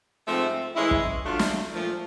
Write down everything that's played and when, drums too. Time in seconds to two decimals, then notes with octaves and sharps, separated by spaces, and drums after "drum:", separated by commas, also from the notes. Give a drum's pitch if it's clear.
0.27 G#2 F3 A3 C4
0.75 A2 E3 G#3 C#4 E4
0.91 drum: kick
1.23 F#3 A3 D4 F4
1.39 drum: snare
1.71 A#2 F3 A3